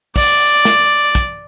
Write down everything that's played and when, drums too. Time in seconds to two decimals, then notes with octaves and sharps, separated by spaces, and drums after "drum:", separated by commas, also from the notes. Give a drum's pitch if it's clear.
0.16 D5, drum: kick, open hi-hat
0.65 drum: snare
1.15 drum: kick, hi-hat